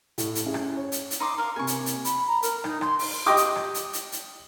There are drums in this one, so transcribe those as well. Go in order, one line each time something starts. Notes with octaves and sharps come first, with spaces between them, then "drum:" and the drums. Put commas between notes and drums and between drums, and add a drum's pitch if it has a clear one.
A2, drum: hi-hat
drum: hi-hat
C#4 E4 G#4
drum: rim click
C#5
drum: hi-hat
drum: hi-hat
D#4 C6 D6
A#4 F5
C3 A#3 G#5 C#6
drum: hi-hat
drum: hi-hat
B5, drum: hi-hat
A#5
A#4, drum: hi-hat
D#4, drum: rim click
C6, drum: rim click
drum: open hi-hat
G4 D#5 G5 D6 D#6
drum: hi-hat
drum: rim click
drum: hi-hat
drum: hi-hat
drum: hi-hat